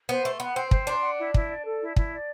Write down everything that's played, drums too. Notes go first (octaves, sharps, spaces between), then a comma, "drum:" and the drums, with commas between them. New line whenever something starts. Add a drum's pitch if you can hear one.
B3 C5
A3 C6
B3 F#5
C4 C5
C5, drum: kick
D4 C6
F#5
E4
E4, drum: kick
D5
A4
E4
E4, drum: kick
D5